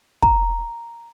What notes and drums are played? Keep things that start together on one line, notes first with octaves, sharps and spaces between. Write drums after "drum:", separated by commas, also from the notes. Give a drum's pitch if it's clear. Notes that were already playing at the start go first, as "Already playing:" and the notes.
A#5, drum: kick